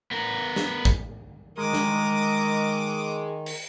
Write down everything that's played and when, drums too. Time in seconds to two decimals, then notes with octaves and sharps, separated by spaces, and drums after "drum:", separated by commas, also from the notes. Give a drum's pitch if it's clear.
0.11 B3 A#4
0.56 drum: snare
0.85 drum: kick
1.58 D#3 G#3 A#4 D6 D#6
1.73 drum: snare
3.46 drum: cymbal